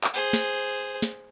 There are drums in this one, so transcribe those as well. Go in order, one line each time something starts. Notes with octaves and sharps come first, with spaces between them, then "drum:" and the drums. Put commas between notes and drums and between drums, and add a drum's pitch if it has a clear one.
drum: clap
G#4 C5
drum: snare
drum: snare